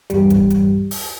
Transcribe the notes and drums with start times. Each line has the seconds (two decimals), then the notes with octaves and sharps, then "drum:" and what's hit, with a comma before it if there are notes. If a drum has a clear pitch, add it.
0.10 B1 E2 G2 G3, drum: hi-hat
0.30 drum: kick E1, hi-hat
0.50 drum: hi-hat
0.91 drum: open hi-hat